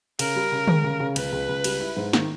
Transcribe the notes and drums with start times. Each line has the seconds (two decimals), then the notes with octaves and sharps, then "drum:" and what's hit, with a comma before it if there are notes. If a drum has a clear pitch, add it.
0.19 C#3 A#4, drum: cymbal
0.36 G3
0.52 C#3
0.68 G#3, drum: tom D3
0.84 C#3
1.00 C#3
1.16 C#2 B4, drum: cymbal
1.32 C#2
1.49 C#2
1.64 G3, drum: cymbal
1.81 E4
1.97 G#2
2.13 D#3, drum: snare